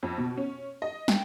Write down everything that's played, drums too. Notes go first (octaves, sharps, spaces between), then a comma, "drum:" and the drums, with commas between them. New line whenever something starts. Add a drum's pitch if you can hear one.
F2
B2
C#4
D#5
G5, drum: snare